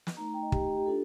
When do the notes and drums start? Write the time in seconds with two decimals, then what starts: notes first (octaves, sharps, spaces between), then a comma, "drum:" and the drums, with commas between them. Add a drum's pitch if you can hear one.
0.07 drum: snare
0.17 A3 D#4 A#5
0.34 G5
0.43 D#5
0.52 G4, drum: kick
0.77 G4
0.86 D4 F4 A4